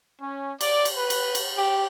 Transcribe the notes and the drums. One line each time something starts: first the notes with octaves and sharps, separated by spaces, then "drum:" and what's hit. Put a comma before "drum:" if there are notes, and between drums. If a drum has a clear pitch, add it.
C#4
D5, drum: cymbal
drum: cymbal
B4
drum: cymbal
drum: cymbal
G4